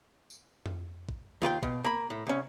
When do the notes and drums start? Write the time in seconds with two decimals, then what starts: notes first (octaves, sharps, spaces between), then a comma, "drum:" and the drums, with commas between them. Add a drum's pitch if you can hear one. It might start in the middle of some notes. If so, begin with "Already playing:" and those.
0.30 drum: tambourine
0.66 drum: tom F2
1.09 drum: kick
1.42 D#2 F4 B4 G5
1.63 B2, drum: kick
1.84 A#3 B5
2.10 A2
2.27 C2 C#4